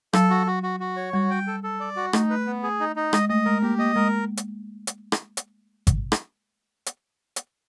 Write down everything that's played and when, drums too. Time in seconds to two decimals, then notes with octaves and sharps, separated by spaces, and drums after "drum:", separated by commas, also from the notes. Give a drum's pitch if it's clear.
0.13 F#3 A4, drum: rim click
0.30 F#4
0.47 F#4
0.63 F#4
0.80 F#4
0.96 C#5
1.13 G3 F#4
1.30 G5
1.47 A4
1.64 A4
1.80 D5
1.96 F#4
2.13 A3 D#4, drum: rim click
2.30 B4
2.47 B3
2.63 G#4
2.80 D#4
2.96 D#4
3.13 G#3 D#5, drum: rim click
3.29 A3 D#5
3.45 G#3 A#4
3.62 A#3 G4
3.79 A#3 D#5
3.96 G#3 A#4
4.37 drum: hi-hat
4.87 drum: hi-hat
5.12 drum: rim click
5.37 drum: hi-hat
5.87 drum: kick G#1, hi-hat
6.12 drum: rim click
6.86 drum: hi-hat
7.36 drum: hi-hat